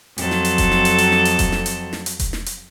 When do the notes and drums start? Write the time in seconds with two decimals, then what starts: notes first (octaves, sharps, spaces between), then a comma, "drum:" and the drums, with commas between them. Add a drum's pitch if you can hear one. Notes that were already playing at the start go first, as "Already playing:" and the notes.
0.18 F2 F#3 A4, drum: hi-hat
0.31 drum: snare
0.45 drum: hi-hat
0.58 drum: kick E1, hi-hat
0.72 drum: snare
0.85 drum: hi-hat
0.98 drum: hi-hat
1.12 drum: snare
1.25 drum: hi-hat
1.39 drum: kick E1, hi-hat
1.52 drum: snare
1.66 drum: hi-hat
1.93 drum: snare
2.06 drum: hi-hat
2.20 drum: kick E1, hi-hat
2.33 drum: snare
2.46 drum: hi-hat